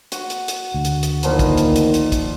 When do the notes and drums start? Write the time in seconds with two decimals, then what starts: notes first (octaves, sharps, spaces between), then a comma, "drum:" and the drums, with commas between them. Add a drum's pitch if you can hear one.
0.12 F#4 F#5, drum: hi-hat
0.30 drum: hi-hat
0.48 drum: hi-hat
0.74 D2
0.85 drum: hi-hat
1.03 drum: hi-hat
1.23 A#2 D#3 F3 B4, drum: hi-hat
1.39 drum: kick, hi-hat
1.57 drum: hi-hat
1.76 drum: hi-hat
1.94 drum: hi-hat
2.12 drum: kick, hi-hat